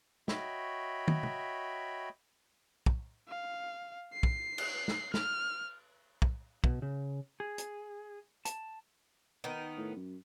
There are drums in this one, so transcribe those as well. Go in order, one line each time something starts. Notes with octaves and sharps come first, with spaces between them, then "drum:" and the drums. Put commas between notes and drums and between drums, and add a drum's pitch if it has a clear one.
F#4 C#5 D#5 E5 G5 B5, drum: snare
drum: tom
drum: tom C3
drum: kick
F5
C7
drum: kick
drum: cymbal
drum: snare
F6, drum: snare
drum: kick
B2, drum: kick
C#3
G#4
drum: hi-hat
A5, drum: hi-hat
D#3 B3 D#4
A2
F#2